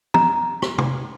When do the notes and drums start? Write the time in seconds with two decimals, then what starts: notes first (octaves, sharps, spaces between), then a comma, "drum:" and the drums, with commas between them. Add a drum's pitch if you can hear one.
0.14 A#5, drum: tom
0.62 drum: rim click
0.78 drum: tom